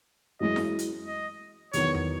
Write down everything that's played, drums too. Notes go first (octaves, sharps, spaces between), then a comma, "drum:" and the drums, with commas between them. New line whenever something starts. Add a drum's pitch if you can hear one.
F#2 E3 G#3 D#5
drum: snare E4
drum: hi-hat
D#5
E2 D#3 F#3 B3 F#4 C#5, drum: hi-hat
drum: tom E2